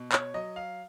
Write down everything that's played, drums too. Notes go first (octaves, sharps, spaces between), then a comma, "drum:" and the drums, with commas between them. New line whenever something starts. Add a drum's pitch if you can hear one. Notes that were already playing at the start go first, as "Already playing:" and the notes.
Already playing: B2
C#5, drum: clap
F#3 D#5
F5